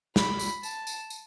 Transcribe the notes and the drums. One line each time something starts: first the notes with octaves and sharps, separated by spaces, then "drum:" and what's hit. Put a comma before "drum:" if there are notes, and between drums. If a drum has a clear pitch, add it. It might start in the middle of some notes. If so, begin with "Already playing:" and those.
B5, drum: snare
drum: tambourine
A5, drum: tambourine
drum: tambourine
drum: tambourine